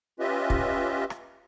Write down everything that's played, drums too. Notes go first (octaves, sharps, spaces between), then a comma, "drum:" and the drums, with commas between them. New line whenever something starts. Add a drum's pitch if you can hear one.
C#4 F4 G4 B4 D#5 E5
drum: kick
drum: rim click